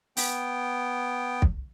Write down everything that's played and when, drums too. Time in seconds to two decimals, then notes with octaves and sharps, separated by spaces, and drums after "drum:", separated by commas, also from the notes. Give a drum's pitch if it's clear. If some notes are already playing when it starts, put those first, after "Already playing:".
0.17 B3 G5, drum: open hi-hat
1.42 drum: kick